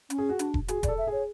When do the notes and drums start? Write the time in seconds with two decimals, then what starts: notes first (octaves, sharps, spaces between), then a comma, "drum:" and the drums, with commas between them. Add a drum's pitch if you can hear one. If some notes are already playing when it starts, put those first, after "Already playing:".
0.10 C#4, drum: hi-hat
0.18 G#4
0.29 F#4
0.39 D4, drum: hi-hat
0.54 drum: kick E1
0.68 F#4 G#4, drum: hi-hat
0.83 D5, drum: kick E1, hi-hat
0.88 A4
0.98 E5
1.07 G#4 C#5